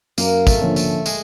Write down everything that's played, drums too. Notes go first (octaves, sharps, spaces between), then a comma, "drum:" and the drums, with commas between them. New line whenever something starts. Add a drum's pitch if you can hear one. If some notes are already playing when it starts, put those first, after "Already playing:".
F#2 A#3, drum: tambourine
A3, drum: kick, tambourine
D3 F3 A#3 C#4
A3, drum: tambourine
G#3, drum: tambourine